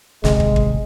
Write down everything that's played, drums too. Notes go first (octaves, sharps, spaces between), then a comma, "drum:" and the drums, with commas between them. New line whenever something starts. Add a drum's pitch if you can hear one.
D#1 G#1 C3 G#3, drum: snare
drum: kick
drum: kick